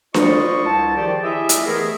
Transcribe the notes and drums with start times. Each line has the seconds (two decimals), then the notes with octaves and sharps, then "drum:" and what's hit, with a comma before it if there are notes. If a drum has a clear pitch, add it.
0.14 F4 B4 C5 D5 D#5 C#6, drum: snare D4
0.66 C2 A5
0.96 D#3 F3 G4 G#4 C5 D5
1.23 E4 G4 G#4 D#5 E5
1.49 drum: hi-hat
1.66 E3 A3 B3 E4 G#4 A#4